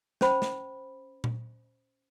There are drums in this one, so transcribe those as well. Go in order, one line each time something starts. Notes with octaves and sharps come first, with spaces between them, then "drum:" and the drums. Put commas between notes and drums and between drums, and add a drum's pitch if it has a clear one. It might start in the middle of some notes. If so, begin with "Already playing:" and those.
C#4 C5 B5, drum: snare
drum: snare
drum: tom A#2